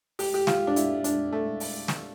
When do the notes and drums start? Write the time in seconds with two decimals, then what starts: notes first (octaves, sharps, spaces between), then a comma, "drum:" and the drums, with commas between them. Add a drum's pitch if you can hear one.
0.19 G4, drum: open hi-hat
0.34 G4
0.47 F4, drum: snare
0.67 D4
0.76 E4, drum: hi-hat
1.04 D4, drum: hi-hat
1.32 A3
1.60 drum: open hi-hat
1.88 drum: snare